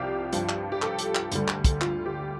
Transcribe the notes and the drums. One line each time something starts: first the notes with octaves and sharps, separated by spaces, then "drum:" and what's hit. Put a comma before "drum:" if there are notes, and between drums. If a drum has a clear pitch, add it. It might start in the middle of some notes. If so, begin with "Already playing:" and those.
Already playing: C2 C3 F3 G4 D5 F5
G2 F3, drum: hi-hat
drum: clap
G4
A4, drum: clap
drum: hi-hat
drum: clap
D2 D3 G3, drum: hi-hat
drum: clap
drum: kick, hi-hat
F4, drum: clap
G4